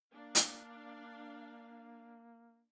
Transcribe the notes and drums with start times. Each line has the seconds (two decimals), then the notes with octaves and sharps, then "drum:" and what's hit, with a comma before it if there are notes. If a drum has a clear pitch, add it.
0.13 A#3 D4 F5
0.35 drum: hi-hat